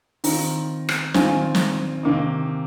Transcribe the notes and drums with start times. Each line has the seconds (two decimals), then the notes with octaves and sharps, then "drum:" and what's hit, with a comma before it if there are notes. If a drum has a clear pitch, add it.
0.24 D#3 C4 F4 A#5, drum: open hi-hat
0.89 drum: rim click
1.14 D#3 C4 F4 G#5, drum: snare
1.55 drum: snare
2.03 C3 D#3 A#3 D#4